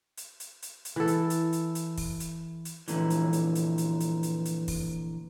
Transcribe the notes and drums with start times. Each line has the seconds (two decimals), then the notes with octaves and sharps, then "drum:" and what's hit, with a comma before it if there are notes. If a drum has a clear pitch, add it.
0.17 drum: hi-hat
0.40 drum: hi-hat
0.62 drum: hi-hat
0.85 drum: hi-hat
0.96 E3 A4
1.07 drum: hi-hat
1.30 drum: hi-hat
1.53 drum: hi-hat
1.75 drum: hi-hat
1.98 drum: kick, open hi-hat
2.20 drum: hi-hat
2.65 drum: hi-hat
2.88 F2 A#2 D3 E3, drum: hi-hat
3.10 drum: hi-hat
3.33 drum: hi-hat
3.55 drum: hi-hat
3.78 drum: hi-hat
4.00 drum: hi-hat
4.23 drum: hi-hat
4.45 drum: hi-hat
4.68 drum: kick, open hi-hat